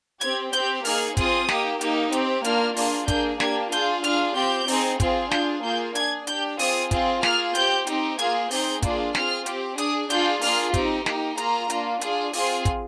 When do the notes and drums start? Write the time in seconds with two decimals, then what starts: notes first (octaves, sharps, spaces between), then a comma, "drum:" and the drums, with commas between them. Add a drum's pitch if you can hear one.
0.21 C4 G4 G#6, drum: hi-hat
0.53 C4 G4 G6, drum: hi-hat
0.85 A#3 D#4 G#4 F6, drum: open hi-hat
1.17 C4 F4 G#4 D#6, drum: kick, hi-hat
1.48 A#3 D#4 G4, drum: snare
1.81 A#3 D#4 G4, drum: hi-hat
2.12 C4 G4, drum: hi-hat
2.44 A#3 D4 F4 F6, drum: hi-hat
2.77 A#3 D4 F4 G#4, drum: open hi-hat
3.08 A#3 D4 G#4 G6, drum: kick, hi-hat
3.40 A#3 D4 G4 G#6, drum: snare
3.72 D4 F4 G#4 G6, drum: hi-hat
4.04 D4 F4 G#4 F6, drum: hi-hat
4.36 C4 G4 G6
4.68 C4 D#4 G#4, drum: open hi-hat
5.00 C4 F4 G#4, drum: kick, hi-hat
5.31 D4 F4 G#4 G6, drum: snare
5.64 A#3 F4 G#4 G6
5.95 D4 G#4 G#6, drum: hi-hat
6.27 D4 G4 G6, drum: hi-hat
6.59 C4 F4 G#4 D#6, drum: open hi-hat
6.91 C4 F4 G#4, drum: kick, hi-hat
7.23 A#3 F4 G#4 F6, drum: snare
7.55 C4 G4 G6, drum: hi-hat
7.87 C4 D#4 G4, drum: hi-hat
8.19 A#3 F4 G#4 G#6, drum: hi-hat
8.51 C4 D#4 G#4 G6, drum: open hi-hat
8.82 A#3 D4 F4 G#4, drum: kick, hi-hat
9.15 C4 F4 G#4 F6, drum: snare
9.46 C4 G4, drum: hi-hat
9.78 D4 G#4 D#6, drum: hi-hat
10.10 D4 F4 G#4 G6, drum: hi-hat
10.41 A#3 D4 F4 G#4 F6, drum: open hi-hat
10.74 C4 D#4 G4, drum: kick, hi-hat
11.06 A#3 D#4 G4, drum: snare
11.38 A#3 F4 G#4 A#5, drum: hi-hat
11.70 A#3 D4 F4, drum: hi-hat
12.01 D4 F4 G#4, drum: hi-hat
12.33 C4 F4 G#4, drum: open hi-hat
12.65 drum: kick, hi-hat